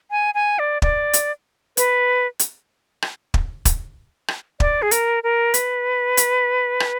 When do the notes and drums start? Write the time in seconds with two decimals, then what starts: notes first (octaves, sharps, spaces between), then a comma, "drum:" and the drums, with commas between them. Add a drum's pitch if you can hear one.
0.11 G#5
0.34 G#5
0.59 D5
0.82 D5, drum: kick
1.13 drum: hi-hat
1.77 B4, drum: hi-hat
2.39 drum: hi-hat
3.02 drum: rim click
3.34 drum: kick
3.65 drum: kick, hi-hat
4.28 drum: rim click
4.60 D5, drum: kick
4.82 G#4
4.91 A#4, drum: hi-hat
5.23 A#4
5.54 B4, drum: hi-hat
6.17 drum: hi-hat
6.80 drum: rim click